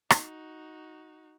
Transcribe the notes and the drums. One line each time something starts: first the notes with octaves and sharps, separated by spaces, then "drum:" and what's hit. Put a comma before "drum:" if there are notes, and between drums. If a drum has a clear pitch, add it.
D#4 F#4, drum: rim click